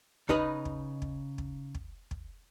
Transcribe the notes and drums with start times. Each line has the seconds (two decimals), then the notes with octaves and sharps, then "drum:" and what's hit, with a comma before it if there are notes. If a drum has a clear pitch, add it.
0.29 C#3 D#4 B4 D#5 B5, drum: kick
0.65 drum: kick
1.02 drum: kick
1.38 drum: kick
1.75 drum: kick
2.11 drum: kick